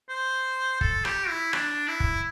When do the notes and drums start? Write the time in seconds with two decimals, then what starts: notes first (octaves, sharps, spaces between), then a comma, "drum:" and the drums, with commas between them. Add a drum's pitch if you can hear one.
0.09 C5
0.81 A4, drum: kick
1.05 G4, drum: rim click
1.29 E4
1.53 D4, drum: rim click
1.88 E4
2.00 drum: kick